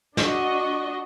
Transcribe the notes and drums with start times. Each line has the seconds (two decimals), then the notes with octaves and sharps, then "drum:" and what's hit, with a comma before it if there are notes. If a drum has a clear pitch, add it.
0.17 D4 F#4 D#5, drum: snare